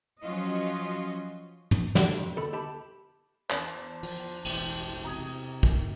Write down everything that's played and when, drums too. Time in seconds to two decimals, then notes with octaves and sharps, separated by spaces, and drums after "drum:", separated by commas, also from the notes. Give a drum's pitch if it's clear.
0.22 F3 F#3 C#4 F4 F#4 D#5
1.71 drum: tom
1.95 G3 A3 D4 D5, drum: snare
2.17 F2
2.36 D2 A4 B5
2.53 G4 A5 B5
3.50 E2 D4 C5, drum: clap
4.03 F3, drum: open hi-hat
4.45 E1 A1 E3, drum: cymbal
5.04 C3 A#5 D#6 G#6
5.63 F#1 A2 D#3, drum: kick